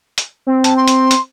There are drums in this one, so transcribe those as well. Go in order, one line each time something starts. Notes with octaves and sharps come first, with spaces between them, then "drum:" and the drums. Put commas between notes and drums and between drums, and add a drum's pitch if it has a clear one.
drum: hi-hat
C4
A5, drum: hi-hat
C6
drum: hi-hat
drum: hi-hat